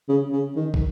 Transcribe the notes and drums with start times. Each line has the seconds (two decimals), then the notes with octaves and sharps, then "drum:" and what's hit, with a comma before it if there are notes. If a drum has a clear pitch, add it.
0.09 C#3
0.32 C#3
0.56 D#3
0.74 drum: kick